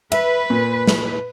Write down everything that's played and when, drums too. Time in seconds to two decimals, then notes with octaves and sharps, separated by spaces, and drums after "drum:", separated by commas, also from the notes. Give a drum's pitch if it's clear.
0.12 B4 E5, drum: cymbal
0.50 A#2
0.87 drum: snare